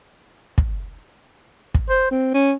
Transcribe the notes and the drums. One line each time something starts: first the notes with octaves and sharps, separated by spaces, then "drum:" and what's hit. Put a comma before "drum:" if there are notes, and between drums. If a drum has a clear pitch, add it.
drum: kick
drum: kick
C5
C4
C#4